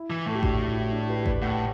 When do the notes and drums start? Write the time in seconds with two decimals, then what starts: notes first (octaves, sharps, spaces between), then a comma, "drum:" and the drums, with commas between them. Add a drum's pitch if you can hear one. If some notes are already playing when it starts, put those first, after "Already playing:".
Already playing: E4
0.10 E3
0.26 A2 A4
0.35 G4
0.43 D4 F#4, drum: kick G#1
0.60 E4
0.76 E4
0.93 D4
1.09 G4 B4
1.26 B4 D5, drum: kick G#1
1.42 A2 F#5
1.52 G5